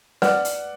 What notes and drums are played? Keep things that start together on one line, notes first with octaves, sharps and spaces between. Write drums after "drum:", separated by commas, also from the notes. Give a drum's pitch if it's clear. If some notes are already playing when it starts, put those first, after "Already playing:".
B4 D5 F#5, drum: snare
drum: hi-hat